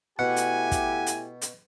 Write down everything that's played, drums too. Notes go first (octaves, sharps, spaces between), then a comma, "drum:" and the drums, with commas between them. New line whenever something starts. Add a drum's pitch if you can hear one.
B2 A3 E4 G4 F#5 G#5
drum: hi-hat
drum: kick, hi-hat
drum: hi-hat
drum: hi-hat